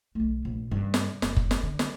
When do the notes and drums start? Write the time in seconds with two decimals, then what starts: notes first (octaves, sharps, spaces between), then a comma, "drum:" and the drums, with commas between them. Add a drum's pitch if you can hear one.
0.15 B1 A3
0.45 A#1
0.71 G2 C#3
0.94 drum: snare
1.22 F#1, drum: snare
1.36 drum: kick F#1
1.51 drum: snare
1.63 D3
1.79 drum: snare